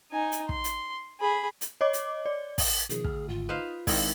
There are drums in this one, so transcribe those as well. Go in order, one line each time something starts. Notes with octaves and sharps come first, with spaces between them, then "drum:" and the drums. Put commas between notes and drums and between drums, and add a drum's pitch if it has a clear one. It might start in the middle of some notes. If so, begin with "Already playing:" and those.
D#4 G#5
drum: hi-hat
C6, drum: kick
drum: hi-hat
G#4 B5
drum: hi-hat
C#5 D#5 D6
drum: hi-hat
D5
drum: kick, open hi-hat
B2 D#3 F3 G#4, drum: hi-hat
D2 F6, drum: kick
G#1 F4
D#4 B4 C5 F5 D#6
D#3 G#3 C4 E4 D5 F5, drum: kick, open hi-hat